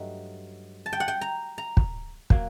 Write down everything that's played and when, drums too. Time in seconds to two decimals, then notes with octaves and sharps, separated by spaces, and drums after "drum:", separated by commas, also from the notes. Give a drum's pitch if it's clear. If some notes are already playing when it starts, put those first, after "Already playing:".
Already playing: G2 F#3 A3 D#4
0.86 A5
0.93 G5
1.00 F#5
1.08 G5
1.21 A#5
1.58 A#5
1.77 drum: kick
2.30 F#3 A#3, drum: kick